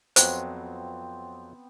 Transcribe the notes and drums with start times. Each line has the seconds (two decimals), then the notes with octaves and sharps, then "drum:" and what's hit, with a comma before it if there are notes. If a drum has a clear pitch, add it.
0.16 F2 F#3 B3 C4 C5, drum: hi-hat